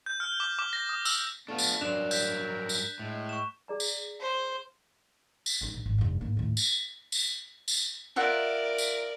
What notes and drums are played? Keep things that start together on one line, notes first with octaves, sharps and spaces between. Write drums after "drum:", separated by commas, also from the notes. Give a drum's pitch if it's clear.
G6
F6
D6
D6
A#6
D#6
E6, drum: tambourine
A3 B3 D4 F4
drum: tambourine
G2 F#3 D4 A#4 C5 F#6 E7 F7
G6 B6, drum: tambourine
drum: tambourine
A2 G#3
C#6 E7
G#4 D5 A#5
drum: tambourine
C5
drum: tambourine
D#3 D#4
A#1
G#1
F1 G2
G#2 A#3
D#2 A2
drum: tambourine
drum: tambourine
drum: tambourine
F4 A#4 D5 E5 F#5
drum: tambourine